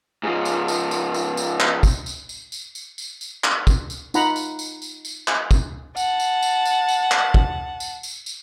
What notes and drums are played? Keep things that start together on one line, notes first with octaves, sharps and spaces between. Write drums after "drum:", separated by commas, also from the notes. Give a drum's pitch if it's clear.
G#2 F3
drum: tambourine
drum: tambourine
drum: tambourine
drum: tambourine
drum: tambourine
drum: clap
drum: kick, tambourine
drum: tambourine
drum: tambourine
drum: tambourine
drum: tambourine
drum: tambourine
drum: tambourine
drum: clap
drum: kick, tambourine
drum: tambourine
D#4 F4 F#5 A#5 B5, drum: tambourine
drum: tambourine
drum: tambourine
drum: tambourine
drum: tambourine
drum: clap
drum: kick, tambourine
F#5 A5, drum: tambourine
drum: tambourine
drum: tambourine
drum: tambourine
drum: tambourine
drum: clap
drum: kick
drum: tambourine
drum: tambourine
drum: tambourine